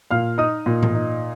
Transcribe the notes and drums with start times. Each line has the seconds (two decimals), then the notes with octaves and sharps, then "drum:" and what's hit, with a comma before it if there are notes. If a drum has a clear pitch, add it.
0.11 A#2 F5 F6
0.38 D#4 D#5 D#6
0.66 A#2
0.83 drum: tom G#2
0.94 D#4